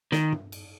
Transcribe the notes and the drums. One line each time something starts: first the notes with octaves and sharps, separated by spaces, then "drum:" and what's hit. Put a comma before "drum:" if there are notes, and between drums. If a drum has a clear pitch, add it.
D#3, drum: snare
drum: tom G2
drum: cymbal